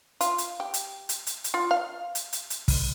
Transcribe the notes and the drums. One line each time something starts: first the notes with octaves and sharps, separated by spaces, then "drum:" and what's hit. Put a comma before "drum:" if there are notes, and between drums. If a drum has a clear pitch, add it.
F4, drum: hi-hat
drum: hi-hat
G4
drum: hi-hat
drum: hi-hat
drum: hi-hat
drum: hi-hat
F4
F5
drum: hi-hat
drum: hi-hat
drum: hi-hat
drum: kick, open hi-hat